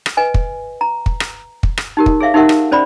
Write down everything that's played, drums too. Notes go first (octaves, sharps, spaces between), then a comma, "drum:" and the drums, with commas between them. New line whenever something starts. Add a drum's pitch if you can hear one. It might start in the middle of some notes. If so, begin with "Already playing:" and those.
drum: rim click
B4 D#5 G#5
drum: kick
A#5
drum: kick
drum: rim click
drum: kick
drum: rim click
D#4 G4 A#4
drum: kick
G#4 C#5 E5 F5
D#4 G4 A#4 E5 F#5
drum: rim click
C#4 C5 D5 B5